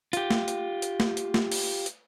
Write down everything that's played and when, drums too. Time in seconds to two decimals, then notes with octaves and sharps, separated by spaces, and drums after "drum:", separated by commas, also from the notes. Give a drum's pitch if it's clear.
0.13 F4 G4, drum: hi-hat
0.30 drum: snare A3
0.48 drum: hi-hat
0.82 drum: hi-hat
1.00 drum: snare A3
1.17 drum: hi-hat
1.34 drum: snare A3
1.52 drum: open hi-hat
1.86 drum: hi-hat